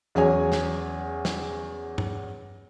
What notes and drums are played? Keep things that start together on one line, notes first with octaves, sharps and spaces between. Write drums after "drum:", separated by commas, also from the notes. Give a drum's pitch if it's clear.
E2 F#3 C#4 G#4 C#5 G#5
drum: snare
drum: snare
drum: tom G2